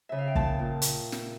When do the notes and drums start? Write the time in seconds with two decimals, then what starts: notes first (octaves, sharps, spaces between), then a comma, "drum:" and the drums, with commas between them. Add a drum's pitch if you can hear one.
0.09 C#3 E5
0.18 F5
0.27 G5
0.35 A#2 A5, drum: kick
0.59 A#2
0.82 drum: hi-hat
1.12 drum: snare